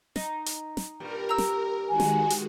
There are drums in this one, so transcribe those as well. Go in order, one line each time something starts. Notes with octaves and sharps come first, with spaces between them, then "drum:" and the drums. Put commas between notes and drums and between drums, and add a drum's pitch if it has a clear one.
D#4, drum: snare
drum: hi-hat
drum: snare
G2 A#2 G3 A#4
A#5 E6
drum: snare
D#3 G#3 F#4 G#5
drum: snare
drum: hi-hat